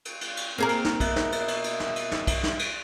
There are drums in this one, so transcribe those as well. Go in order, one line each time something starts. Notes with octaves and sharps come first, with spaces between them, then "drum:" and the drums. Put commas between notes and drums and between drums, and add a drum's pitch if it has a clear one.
drum: cymbal
drum: cymbal
drum: cymbal
A#3 C4 G#4 A#4
drum: cymbal
drum: snare
B2 D#5 E5, drum: kick B1, cymbal
drum: snare
drum: cymbal
drum: cymbal
drum: cymbal
drum: snare
drum: cymbal
drum: snare
drum: kick B1, cymbal
drum: snare
drum: cymbal